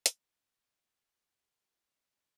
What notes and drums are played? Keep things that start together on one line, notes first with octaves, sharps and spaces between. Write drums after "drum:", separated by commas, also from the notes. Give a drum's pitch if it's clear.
E4, drum: hi-hat
F#4
G#4
F#4
E4
C#4